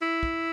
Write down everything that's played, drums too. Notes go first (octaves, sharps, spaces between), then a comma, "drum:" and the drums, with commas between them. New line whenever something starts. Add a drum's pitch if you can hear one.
E4
drum: kick